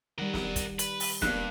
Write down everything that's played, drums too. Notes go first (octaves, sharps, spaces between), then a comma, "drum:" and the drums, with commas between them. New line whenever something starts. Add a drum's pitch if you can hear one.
D#3 G3 A#4 F#5
drum: snare
drum: kick, hi-hat
B4, drum: hi-hat
drum: open hi-hat
G2 A#3 D4 F#6, drum: snare